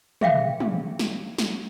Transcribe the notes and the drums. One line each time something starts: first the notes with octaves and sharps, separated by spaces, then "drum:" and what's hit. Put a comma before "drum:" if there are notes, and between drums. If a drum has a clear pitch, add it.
G#4 E5 F5 G5, drum: tom
drum: tom
drum: snare
drum: snare